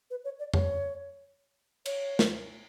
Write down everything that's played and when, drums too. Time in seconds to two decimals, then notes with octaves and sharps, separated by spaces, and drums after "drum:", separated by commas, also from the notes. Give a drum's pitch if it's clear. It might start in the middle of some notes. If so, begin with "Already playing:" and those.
0.10 B4
0.25 C#5
0.39 D5
0.54 C#5, drum: tom F2
1.86 C#5, drum: cymbal
2.19 drum: snare